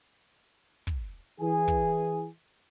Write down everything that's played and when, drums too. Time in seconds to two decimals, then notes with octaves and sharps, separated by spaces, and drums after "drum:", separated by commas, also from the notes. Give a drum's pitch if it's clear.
0.87 drum: kick
1.41 E3 G#4 G#5
1.68 drum: kick